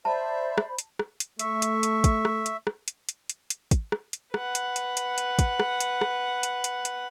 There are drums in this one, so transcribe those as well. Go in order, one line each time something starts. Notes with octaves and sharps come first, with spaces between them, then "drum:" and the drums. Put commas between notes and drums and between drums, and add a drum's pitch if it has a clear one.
C5 D5 E5 A5 B5
drum: rim click
drum: hi-hat
drum: rim click
drum: hi-hat
A3 E5 C#6, drum: hi-hat
drum: hi-hat
drum: hi-hat
drum: kick, hi-hat
drum: rim click
drum: hi-hat
drum: rim click
drum: hi-hat
drum: hi-hat
drum: hi-hat
drum: hi-hat
drum: kick, hi-hat
drum: rim click
drum: hi-hat
B4 F#5, drum: rim click
drum: hi-hat
drum: hi-hat
drum: hi-hat
drum: hi-hat
drum: kick, hi-hat
drum: rim click
drum: hi-hat
drum: rim click
drum: hi-hat
drum: hi-hat
drum: hi-hat